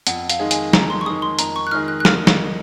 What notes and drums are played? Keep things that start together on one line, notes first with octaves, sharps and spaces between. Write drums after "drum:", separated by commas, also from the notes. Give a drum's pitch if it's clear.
F2 F#5, drum: hi-hat
F5, drum: hi-hat
D#3 G#3 D#4 G#4
G#5, drum: hi-hat
F2 A#5, drum: snare
C6
C#6
D#3 G#3 D#4 G#4 D#6
C6
F2 A#5, drum: hi-hat
C#6
F#6
D#3 G#3 D#4 G#4 F6
F#6
F#6
F6, drum: snare
drum: snare